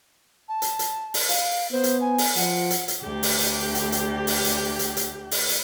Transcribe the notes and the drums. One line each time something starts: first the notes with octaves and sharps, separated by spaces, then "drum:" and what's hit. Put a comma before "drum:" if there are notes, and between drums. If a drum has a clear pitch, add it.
A5
drum: hi-hat
drum: hi-hat
drum: open hi-hat
F5, drum: hi-hat
B3 C5
drum: hi-hat
G#5
drum: open hi-hat
F3 F#5, drum: hi-hat
drum: hi-hat
drum: hi-hat
D2 G4
drum: open hi-hat
drum: hi-hat
drum: hi-hat
drum: hi-hat
drum: open hi-hat
drum: hi-hat
drum: hi-hat
drum: hi-hat
drum: open hi-hat
drum: hi-hat